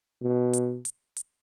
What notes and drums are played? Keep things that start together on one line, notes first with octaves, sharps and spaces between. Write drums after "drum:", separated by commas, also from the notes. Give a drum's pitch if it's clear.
B2
drum: hi-hat
drum: hi-hat
drum: hi-hat